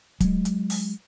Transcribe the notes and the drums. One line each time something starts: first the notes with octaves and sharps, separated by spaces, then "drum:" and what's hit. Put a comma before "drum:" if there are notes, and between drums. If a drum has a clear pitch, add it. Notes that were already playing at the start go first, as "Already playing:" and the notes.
F#3 G#3, drum: kick D1, hi-hat
drum: hi-hat
drum: open hi-hat